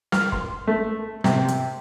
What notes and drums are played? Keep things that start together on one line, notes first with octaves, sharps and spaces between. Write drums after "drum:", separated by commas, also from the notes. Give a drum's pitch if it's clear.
F6, drum: snare
C6, drum: kick
A3
C3, drum: snare
drum: hi-hat